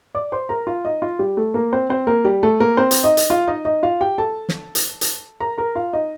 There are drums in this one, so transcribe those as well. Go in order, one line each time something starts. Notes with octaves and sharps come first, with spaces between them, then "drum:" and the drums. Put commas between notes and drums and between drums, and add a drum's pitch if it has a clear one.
D5 D6
C5 C6
A#4 A#5
F4 F5
D#4 D#5
F4
G3 G4
A3 A4
A#3 A#4
C4 C5
C4 C5
A#3 A#4
G3 G4
A3 A4
A#3 A#4
C4 C5
drum: hi-hat
D#4 D#5
drum: hi-hat
F4 F5
D#4 D#5
D#4 D#5
F4 F5
G4 G5
A4 A5
drum: snare
drum: hi-hat
drum: hi-hat
A#4 A#5
A#4 A#5
F4 F5
D#4 D#5